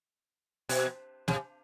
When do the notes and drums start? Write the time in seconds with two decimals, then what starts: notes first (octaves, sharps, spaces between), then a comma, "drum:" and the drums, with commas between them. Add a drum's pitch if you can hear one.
0.69 B2, drum: open hi-hat
1.28 C3, drum: snare